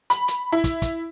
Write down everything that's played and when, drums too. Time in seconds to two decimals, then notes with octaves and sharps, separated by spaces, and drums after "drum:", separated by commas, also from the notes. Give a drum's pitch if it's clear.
0.10 B5, drum: hi-hat
0.28 drum: hi-hat
0.52 E4
0.64 drum: kick, hi-hat
0.82 drum: kick, hi-hat